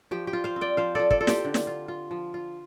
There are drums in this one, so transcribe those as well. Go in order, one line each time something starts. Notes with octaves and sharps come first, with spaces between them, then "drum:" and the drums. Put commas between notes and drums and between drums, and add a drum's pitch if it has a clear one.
F3 G4
G4
F4
C5 F5
C4
D5 G5
F3 C5 F5
F3 A4 D5
A4 D5, drum: kick
F4 A4
G4 C5, drum: snare
D3
drum: snare
F4
F4
F3
F4